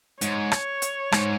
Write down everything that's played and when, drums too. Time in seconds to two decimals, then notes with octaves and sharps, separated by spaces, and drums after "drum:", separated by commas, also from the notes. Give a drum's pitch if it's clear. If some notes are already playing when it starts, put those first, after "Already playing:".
0.21 G#2 C#5, drum: hi-hat
0.52 drum: rim click
0.82 drum: hi-hat
1.12 G#2, drum: rim click